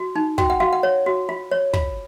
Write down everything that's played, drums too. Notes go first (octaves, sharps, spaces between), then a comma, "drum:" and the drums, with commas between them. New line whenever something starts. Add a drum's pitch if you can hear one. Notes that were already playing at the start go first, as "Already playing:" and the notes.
Already playing: F#4
D#4
F#4 G5, drum: kick
F#5
F#4 F5
F#5
C#5
F#4
F4
C#5
F4, drum: kick